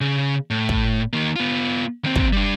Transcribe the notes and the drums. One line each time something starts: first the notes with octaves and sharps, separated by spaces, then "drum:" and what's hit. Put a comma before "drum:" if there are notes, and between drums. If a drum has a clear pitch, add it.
C#3
A2
drum: kick
D#3 A#3
B3 F4
D#2 C4
drum: kick
G3 D4